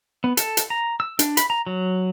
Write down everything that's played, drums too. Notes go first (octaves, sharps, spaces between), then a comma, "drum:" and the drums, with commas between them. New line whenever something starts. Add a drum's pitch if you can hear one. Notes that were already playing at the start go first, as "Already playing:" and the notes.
B3
A4, drum: hi-hat
drum: hi-hat
A#5
E6
D4, drum: hi-hat
B5, drum: hi-hat
A#5
F#3